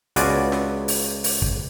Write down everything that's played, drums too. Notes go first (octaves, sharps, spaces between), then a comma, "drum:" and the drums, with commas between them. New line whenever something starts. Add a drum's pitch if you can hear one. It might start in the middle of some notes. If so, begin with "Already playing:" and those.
C#2 B3 F4 F#4 D5 G#5, drum: hi-hat
drum: snare
drum: open hi-hat
drum: open hi-hat
drum: kick